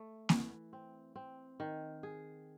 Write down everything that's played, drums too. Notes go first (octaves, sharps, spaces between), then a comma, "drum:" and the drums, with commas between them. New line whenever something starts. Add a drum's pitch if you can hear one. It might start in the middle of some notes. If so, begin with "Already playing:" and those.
Already playing: A3
E3, drum: snare A#3
C4
C4
D#3
G#4